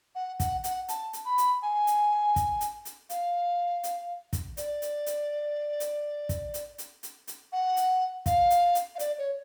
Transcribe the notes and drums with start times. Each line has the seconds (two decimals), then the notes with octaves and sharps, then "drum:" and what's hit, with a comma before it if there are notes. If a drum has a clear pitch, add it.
0.15 F#5
0.40 F#5, drum: kick, hi-hat
0.64 F#5, drum: hi-hat
0.89 A5, drum: hi-hat
1.13 drum: hi-hat
1.25 B5
1.38 drum: hi-hat
1.62 G#5
1.87 drum: hi-hat
2.36 drum: kick, hi-hat
2.61 drum: hi-hat
2.85 drum: hi-hat
3.10 F5, drum: hi-hat
3.84 drum: hi-hat
4.33 drum: kick, hi-hat
4.57 D5, drum: hi-hat
4.82 drum: hi-hat
5.06 drum: hi-hat
5.80 drum: hi-hat
6.29 drum: kick, hi-hat
6.54 drum: hi-hat
6.78 drum: hi-hat
7.03 drum: hi-hat
7.28 drum: hi-hat
7.52 F#5
7.77 drum: hi-hat
8.26 F5, drum: kick, hi-hat
8.50 drum: hi-hat
8.75 drum: hi-hat
8.95 F5
8.99 D5, drum: hi-hat
9.18 C#5